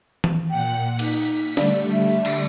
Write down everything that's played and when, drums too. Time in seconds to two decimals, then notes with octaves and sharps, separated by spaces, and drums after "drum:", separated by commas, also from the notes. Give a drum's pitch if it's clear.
0.24 drum: tom E3
0.50 A#2 F#5 G5
0.99 D#4 B6, drum: cymbal
1.57 D3 G3 A3 D5, drum: snare D4
1.93 E5
2.25 drum: cymbal